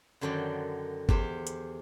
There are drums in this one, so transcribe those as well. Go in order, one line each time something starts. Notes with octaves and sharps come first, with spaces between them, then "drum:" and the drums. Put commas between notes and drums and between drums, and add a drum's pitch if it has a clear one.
F#2 D3 D#3 F#3 D5 G5
E2 G4 C5, drum: kick
drum: hi-hat